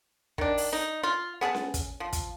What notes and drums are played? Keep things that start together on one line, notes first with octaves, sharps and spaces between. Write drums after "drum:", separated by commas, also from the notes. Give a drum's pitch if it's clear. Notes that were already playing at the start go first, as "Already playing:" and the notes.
D#3 D4, drum: kick
drum: open hi-hat
D#4
F4
B3 G#4 F5 A5
drum: snare C#4
drum: kick, hi-hat
F3
drum: kick, hi-hat